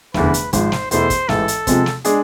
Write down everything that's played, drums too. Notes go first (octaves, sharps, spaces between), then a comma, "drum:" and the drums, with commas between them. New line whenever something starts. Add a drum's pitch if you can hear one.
F1 E2 D3 B4, drum: snare
drum: hi-hat
G#1 G#2 F3 C5, drum: kick, hi-hat
drum: snare
E2 B2 A3 E4 A4 C5, drum: hi-hat
drum: kick, hi-hat
A1 G#2 E3 A4, drum: snare
drum: hi-hat
C3 F3 G#3 C4, drum: kick, hi-hat
drum: snare
G#3 D4 G#4, drum: hi-hat